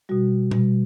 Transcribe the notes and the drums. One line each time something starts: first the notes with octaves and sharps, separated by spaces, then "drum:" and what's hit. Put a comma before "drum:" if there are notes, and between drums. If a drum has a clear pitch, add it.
B2 G3 F#4
B2 G3, drum: tom A#2